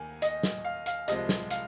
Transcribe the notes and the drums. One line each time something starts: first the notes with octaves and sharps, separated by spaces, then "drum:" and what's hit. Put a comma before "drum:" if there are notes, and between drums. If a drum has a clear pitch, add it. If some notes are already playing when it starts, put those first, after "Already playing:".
Already playing: D#2 D#3 A#3 G#5
D#5, drum: hi-hat
drum: snare
F5
F5, drum: hi-hat
C2 C3 F3 G#3 D#5, drum: hi-hat
drum: snare
F5, drum: hi-hat